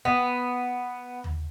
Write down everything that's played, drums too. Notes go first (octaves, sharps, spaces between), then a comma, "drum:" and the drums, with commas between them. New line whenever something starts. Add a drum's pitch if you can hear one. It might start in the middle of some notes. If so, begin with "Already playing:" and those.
B3, drum: kick
drum: tom D#2